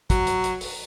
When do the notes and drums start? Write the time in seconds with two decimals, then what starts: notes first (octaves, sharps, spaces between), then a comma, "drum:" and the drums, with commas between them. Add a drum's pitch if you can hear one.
0.10 F#3, drum: kick, hi-hat
0.27 drum: hi-hat
0.44 drum: hi-hat
0.61 drum: open hi-hat